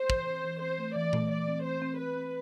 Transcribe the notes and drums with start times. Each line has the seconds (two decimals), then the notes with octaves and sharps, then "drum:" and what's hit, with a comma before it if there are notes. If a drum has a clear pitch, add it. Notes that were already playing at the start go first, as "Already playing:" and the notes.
Already playing: C5
0.10 E3, drum: kick
0.27 C4
0.44 E3
0.62 C4 C5
0.78 A3
0.96 E3 D5
1.13 A3, drum: tom A#2
1.30 E3 D5
1.48 C4
1.64 C4 C5
1.82 C4
1.98 C4 B4
2.16 C4